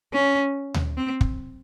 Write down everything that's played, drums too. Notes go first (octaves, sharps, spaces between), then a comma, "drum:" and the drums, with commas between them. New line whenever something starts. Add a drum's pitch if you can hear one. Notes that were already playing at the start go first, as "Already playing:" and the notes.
C#4
drum: tom D2
C4
drum: kick